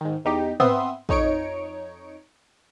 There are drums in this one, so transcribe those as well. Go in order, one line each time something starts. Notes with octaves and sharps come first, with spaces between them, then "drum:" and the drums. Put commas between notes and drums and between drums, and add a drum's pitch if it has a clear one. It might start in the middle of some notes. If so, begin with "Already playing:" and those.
G#2 D#3
E2 D#4 G4
B3 C4 E5 C6 D#6, drum: tom
F2 D#4 C#5 C#7 D7, drum: kick